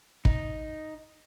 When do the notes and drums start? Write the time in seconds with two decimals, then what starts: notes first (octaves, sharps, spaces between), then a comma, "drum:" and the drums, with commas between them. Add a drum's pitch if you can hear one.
0.25 D#4, drum: kick